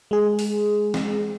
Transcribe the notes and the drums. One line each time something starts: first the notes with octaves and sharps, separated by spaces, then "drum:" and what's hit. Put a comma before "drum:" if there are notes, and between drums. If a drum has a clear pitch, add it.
G#3 G#4
drum: open hi-hat
drum: snare